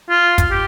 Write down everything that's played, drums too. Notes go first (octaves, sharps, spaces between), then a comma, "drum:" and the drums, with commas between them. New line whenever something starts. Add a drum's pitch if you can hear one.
F4
drum: kick, hi-hat
G4